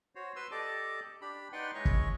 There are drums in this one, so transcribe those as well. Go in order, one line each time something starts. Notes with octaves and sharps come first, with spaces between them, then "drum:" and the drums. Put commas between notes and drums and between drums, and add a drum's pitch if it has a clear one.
F#4 C5 C#5
B4 C6 E6
G4 A4 D5 D#5 A5 D6
D4 G4 B5
D#4 B4 D5 F#5 G5 C6
G#3 E4 C#5 D#5 C#6
drum: kick